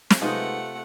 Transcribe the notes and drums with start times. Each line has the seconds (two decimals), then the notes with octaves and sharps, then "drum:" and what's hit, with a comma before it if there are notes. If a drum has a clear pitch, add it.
0.10 drum: snare
0.21 C3 G#3 A3 B3 D#4 F4 F#5